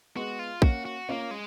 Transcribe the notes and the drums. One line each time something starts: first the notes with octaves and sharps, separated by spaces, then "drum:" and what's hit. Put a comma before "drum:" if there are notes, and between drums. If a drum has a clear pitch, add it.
G#3 B3 F#4
F4
A#3 C#4 F#4, drum: kick
F#4
A#3 C#4 F4
G#3